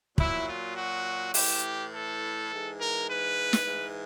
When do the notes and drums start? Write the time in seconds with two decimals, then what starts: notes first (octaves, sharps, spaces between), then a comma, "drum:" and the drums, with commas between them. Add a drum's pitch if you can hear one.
0.18 A#2 F#3 E4, drum: kick
0.47 F4
0.76 F#4
1.34 A2 E3 G4, drum: open hi-hat
1.92 A4
2.50 G#2 E3
2.79 A#4
3.09 B4
3.53 drum: snare
3.66 G#2 E3